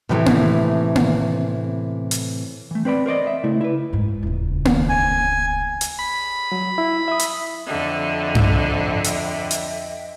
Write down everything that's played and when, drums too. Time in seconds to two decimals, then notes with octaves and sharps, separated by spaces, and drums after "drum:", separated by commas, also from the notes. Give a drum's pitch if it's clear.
0.09 A2 C3 E3 G3 A3
0.26 drum: tom A#3
0.95 drum: tom A#3
2.11 drum: hi-hat
2.71 E3 A3
2.85 C4 B4 D5 B5
3.06 A#4 C5 D5 D#5
3.27 E5
3.44 C#3 A3 E4 A4
3.61 E4 B4
3.93 F#1 G#2
4.23 D#1 C#2
4.65 drum: tom A#3
4.89 G#5
5.81 drum: hi-hat
5.99 B5
6.52 F#3
6.78 E4
7.08 E5 D#6
7.19 drum: hi-hat
7.66 F2 D3 D#5 E5 G5
8.35 drum: tom G2
9.04 drum: hi-hat
9.51 drum: hi-hat